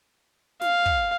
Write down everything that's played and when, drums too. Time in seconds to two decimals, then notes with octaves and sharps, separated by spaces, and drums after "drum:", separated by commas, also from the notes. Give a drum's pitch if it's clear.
0.61 F5, drum: snare
0.86 drum: kick